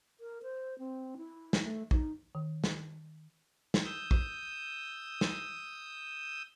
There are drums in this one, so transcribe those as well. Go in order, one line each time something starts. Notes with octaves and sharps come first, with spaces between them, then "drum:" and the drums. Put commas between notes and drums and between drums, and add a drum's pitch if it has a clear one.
A#4
C5
C4
E4
drum: snare
A3
D#4, drum: kick
D#3
drum: snare
drum: snare
D#6 E6 G6
drum: kick
drum: snare